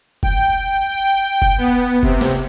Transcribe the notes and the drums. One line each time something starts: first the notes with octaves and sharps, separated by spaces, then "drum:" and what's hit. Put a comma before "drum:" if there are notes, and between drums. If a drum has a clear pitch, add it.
G5, drum: kick F1
G5
drum: kick F1
B3
C3, drum: kick F1
drum: snare